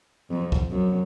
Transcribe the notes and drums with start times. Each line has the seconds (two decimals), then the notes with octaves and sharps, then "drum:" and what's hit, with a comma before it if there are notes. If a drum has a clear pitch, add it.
0.30 F2
0.52 drum: kick B1
0.70 F#2